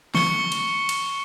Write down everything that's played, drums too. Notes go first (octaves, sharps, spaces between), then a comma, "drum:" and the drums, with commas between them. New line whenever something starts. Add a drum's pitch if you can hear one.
C#6 C#7 G7, drum: snare
drum: cymbal
drum: cymbal